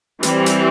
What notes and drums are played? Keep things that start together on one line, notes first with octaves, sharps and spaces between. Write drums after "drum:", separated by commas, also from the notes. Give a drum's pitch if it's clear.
E3 G3 C4, drum: hi-hat
drum: hi-hat